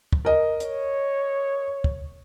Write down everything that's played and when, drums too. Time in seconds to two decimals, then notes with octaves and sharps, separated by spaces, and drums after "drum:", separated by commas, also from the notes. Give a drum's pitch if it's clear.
0.13 drum: kick
0.25 A#4 D#5
0.60 C#5, drum: hi-hat
1.84 drum: kick